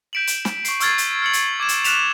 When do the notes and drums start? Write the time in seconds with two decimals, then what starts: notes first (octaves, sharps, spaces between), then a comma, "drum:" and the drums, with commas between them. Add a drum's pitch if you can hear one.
0.13 G6 B6 D7 E7 F#7
0.27 drum: hi-hat
0.45 drum: snare
0.65 C#6 C7, drum: hi-hat
0.80 C#6 E6 F6 G#6 A6 C7, drum: hi-hat
0.98 drum: hi-hat
1.22 F6 C#7 F#7
1.33 drum: hi-hat
1.60 D6 G#6 E7
1.69 drum: hi-hat
1.84 F6 F#6 B6 E7 F7, drum: hi-hat